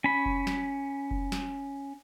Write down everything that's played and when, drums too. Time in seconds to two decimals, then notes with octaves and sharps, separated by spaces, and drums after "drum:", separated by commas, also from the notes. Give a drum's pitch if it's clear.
0.04 C#4 B5
0.26 drum: kick F1
0.47 drum: snare
1.11 drum: kick F1
1.32 drum: snare